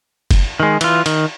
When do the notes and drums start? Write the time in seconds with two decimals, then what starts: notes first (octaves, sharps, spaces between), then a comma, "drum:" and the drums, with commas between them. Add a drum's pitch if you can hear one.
0.31 drum: kick F#1, cymbal
0.60 D#3 G#3
0.81 E3 F4, drum: cymbal
1.06 D#3, drum: cymbal